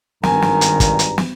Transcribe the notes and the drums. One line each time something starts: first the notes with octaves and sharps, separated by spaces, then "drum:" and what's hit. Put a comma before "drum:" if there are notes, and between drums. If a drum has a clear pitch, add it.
G#1 G2 D#3 G#5 A#5, drum: snare
drum: snare
drum: hi-hat
drum: kick, hi-hat
drum: hi-hat
drum: snare